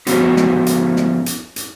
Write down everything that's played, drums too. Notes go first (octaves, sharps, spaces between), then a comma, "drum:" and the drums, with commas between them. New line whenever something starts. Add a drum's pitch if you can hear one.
F3 B3 C#4 F#4 G4, drum: hi-hat
drum: snare
drum: hi-hat
drum: snare
drum: hi-hat
drum: hi-hat